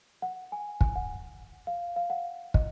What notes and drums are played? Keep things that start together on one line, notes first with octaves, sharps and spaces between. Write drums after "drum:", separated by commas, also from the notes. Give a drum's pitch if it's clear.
F#5
G#5
G#5, drum: kick
F#5
F5
F5
F#5
D#5, drum: kick